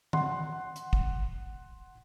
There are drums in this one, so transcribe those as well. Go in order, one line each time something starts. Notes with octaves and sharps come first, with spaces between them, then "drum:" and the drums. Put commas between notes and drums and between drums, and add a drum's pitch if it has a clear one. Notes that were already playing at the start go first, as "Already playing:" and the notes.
F#5 C6, drum: tom
drum: hi-hat
drum: kick